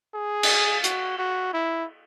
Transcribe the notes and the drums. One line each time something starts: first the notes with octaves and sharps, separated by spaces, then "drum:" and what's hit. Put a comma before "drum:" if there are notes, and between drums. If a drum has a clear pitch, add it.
G#4
drum: cymbal
F#4, drum: hi-hat
F#4
E4